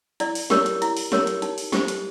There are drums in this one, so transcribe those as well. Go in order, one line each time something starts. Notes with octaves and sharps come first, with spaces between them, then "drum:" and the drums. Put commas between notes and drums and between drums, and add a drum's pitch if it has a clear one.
E4 D5, drum: hi-hat
drum: open hi-hat
G4 A#4 C#5, drum: snare
drum: hi-hat
E4, drum: hi-hat
drum: open hi-hat
G4 A#4 C#5, drum: snare
drum: hi-hat
D#4, drum: hi-hat
drum: open hi-hat
G4 C5, drum: snare
drum: hi-hat